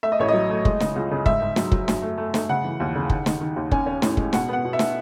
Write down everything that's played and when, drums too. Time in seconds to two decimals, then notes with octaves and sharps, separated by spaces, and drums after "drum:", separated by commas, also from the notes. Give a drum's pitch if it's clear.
0.03 A3 E5
0.12 D#5
0.19 A1 C#5
0.28 D#5
0.33 F#3
0.50 A3
0.65 G#3, drum: kick
0.80 C#3, drum: snare
0.96 C#2
1.11 C#3
1.26 G#2 E5, drum: kick
1.42 G#2
1.56 F#3, drum: snare
1.72 F#3, drum: kick
1.88 F#2, drum: snare
2.02 A3
2.18 A3
2.34 A3, drum: snare
2.49 C#3 F#5
2.64 E3
2.80 D#2
2.95 C#3
3.10 D#3, drum: kick
3.26 D#3, drum: snare
3.41 D#3
3.56 D#2
3.72 C#4 G#5, drum: kick
3.86 C#4
4.02 A2, drum: snare
4.17 G#3, drum: kick
4.33 B2 F#5, drum: snare
4.49 B3 F#5
4.64 B2
4.73 E5
4.79 B2, drum: snare